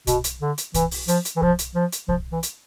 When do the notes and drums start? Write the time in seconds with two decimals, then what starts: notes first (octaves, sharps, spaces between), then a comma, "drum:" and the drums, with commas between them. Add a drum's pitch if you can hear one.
0.07 B2, drum: kick B1, hi-hat
0.24 drum: hi-hat
0.41 D3
0.58 drum: hi-hat
0.74 E3, drum: kick B1, hi-hat
0.91 drum: open hi-hat
1.08 F3, drum: hi-hat
1.25 drum: hi-hat
1.36 E3
1.42 F3, drum: kick B1
1.59 drum: hi-hat
1.75 F3
1.92 drum: hi-hat
2.08 F3, drum: kick B1
2.32 E3
2.43 drum: hi-hat